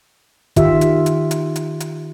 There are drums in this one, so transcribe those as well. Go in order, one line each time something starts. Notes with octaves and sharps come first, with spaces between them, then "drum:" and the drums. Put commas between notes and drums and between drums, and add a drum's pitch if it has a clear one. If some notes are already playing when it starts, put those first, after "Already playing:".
D#3 F4 G4 E5, drum: kick, hi-hat
drum: hi-hat
drum: hi-hat
drum: hi-hat
drum: hi-hat
drum: hi-hat